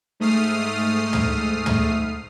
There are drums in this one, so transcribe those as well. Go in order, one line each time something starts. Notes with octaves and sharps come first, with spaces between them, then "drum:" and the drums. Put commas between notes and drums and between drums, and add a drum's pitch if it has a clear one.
G#2 A3 D#6 F6 C7
drum: tom
drum: tom